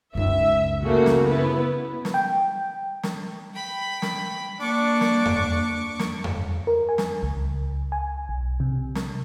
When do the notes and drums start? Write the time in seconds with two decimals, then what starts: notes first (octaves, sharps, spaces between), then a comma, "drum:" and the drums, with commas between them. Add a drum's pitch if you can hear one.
0.15 C#2 F#2 D#4 E5
0.83 C#3 A3 A#3 F#4
1.06 drum: snare
1.24 B3 E4 B4
2.05 drum: snare
2.14 G5
3.03 drum: snare
3.54 G5 B5
4.02 drum: snare
4.60 A#3 D4 C#6 D6
5.01 drum: snare
5.25 drum: tom F2
5.99 drum: snare
6.24 drum: tom F2
6.67 A#4
6.89 G#5
6.98 drum: snare
7.23 C#2
7.92 G#5
8.29 B1
8.60 C3
8.95 drum: snare